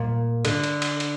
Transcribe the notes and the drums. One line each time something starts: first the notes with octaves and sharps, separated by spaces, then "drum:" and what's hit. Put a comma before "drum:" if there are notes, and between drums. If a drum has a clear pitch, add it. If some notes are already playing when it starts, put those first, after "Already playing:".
Already playing: A#2
D3, drum: cymbal
drum: cymbal
drum: cymbal
drum: cymbal